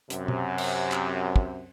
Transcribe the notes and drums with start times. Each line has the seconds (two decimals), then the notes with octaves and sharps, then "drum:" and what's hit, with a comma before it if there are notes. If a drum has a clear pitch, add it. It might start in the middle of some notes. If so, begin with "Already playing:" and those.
0.10 F#2 C3, drum: hi-hat
0.28 drum: tom B2
0.58 drum: cymbal
0.92 drum: clap
1.36 drum: kick